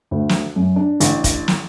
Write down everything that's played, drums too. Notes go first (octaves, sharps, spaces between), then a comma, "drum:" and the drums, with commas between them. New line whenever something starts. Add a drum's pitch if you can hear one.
D2
drum: snare
F#2
D4
A1, drum: hi-hat
drum: kick, hi-hat
drum: snare